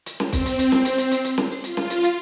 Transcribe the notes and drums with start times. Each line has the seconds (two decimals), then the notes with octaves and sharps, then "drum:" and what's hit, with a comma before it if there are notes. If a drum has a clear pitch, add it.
0.06 drum: hi-hat
0.20 C4, drum: snare
0.33 drum: kick, hi-hat
0.46 drum: hi-hat
0.59 drum: hi-hat
0.72 drum: snare
0.85 drum: hi-hat
0.98 drum: hi-hat
1.11 drum: hi-hat
1.24 drum: hi-hat
1.38 drum: snare
1.51 drum: open hi-hat
1.64 F4, drum: hi-hat
1.77 drum: snare
1.90 drum: hi-hat
2.03 drum: hi-hat